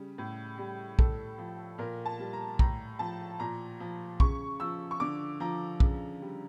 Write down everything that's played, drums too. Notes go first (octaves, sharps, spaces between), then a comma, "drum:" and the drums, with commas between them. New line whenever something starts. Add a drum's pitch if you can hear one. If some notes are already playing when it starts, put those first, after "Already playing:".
Already playing: C#3 G3
A2
G3
A2 A4, drum: kick
F3
A#2 A#4
A5
G3
A#5
A2 A#5, drum: kick
F3 A5
A#2 A#5
F3
C#3 C#6, drum: kick
F3 E6
C#6
D3 D6
F3 A#5
C#3, drum: kick
G3